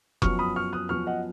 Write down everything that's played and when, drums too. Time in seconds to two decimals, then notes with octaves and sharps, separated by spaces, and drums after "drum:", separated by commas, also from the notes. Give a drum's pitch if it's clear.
0.22 F#2 F3 B3 C#6 F6, drum: kick F1
0.39 B5 D#6
0.56 C#6 F6
0.73 D#6 F#6
0.89 F#2 F3 B3 C#6 F6
1.07 D#5 F#5